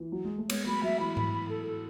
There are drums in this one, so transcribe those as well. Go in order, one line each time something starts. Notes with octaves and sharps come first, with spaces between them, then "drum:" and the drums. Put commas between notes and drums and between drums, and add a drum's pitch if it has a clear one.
E3
F#3
G#3
A3
G#3 B3 C#5, drum: cymbal
F#3 A3 B5
F#3 E5
E3 B5
B5, drum: tom G#2
B5
A4
A4